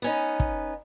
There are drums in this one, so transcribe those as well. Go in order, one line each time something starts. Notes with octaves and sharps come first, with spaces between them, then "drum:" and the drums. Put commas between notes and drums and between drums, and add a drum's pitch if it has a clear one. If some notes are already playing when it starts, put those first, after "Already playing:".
B3 C#4 D#4
drum: kick